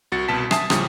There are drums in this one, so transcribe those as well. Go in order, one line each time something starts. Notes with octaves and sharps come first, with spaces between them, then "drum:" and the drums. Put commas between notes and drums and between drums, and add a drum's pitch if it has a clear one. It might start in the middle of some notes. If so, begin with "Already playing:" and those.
C2 F#4 A6 C#7
C2 B2 A5 B6
E5 G#5 A5 D#6 C7, drum: rim click
E2 A2 C#3 F3 G3 D#6, drum: rim click